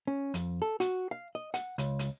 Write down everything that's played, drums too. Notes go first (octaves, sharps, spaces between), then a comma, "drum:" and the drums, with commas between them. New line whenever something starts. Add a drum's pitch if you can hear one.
C#4
F2, drum: hi-hat
A4
F#4, drum: hi-hat
F5
D#5
F#5, drum: hi-hat
C#2, drum: hi-hat
drum: hi-hat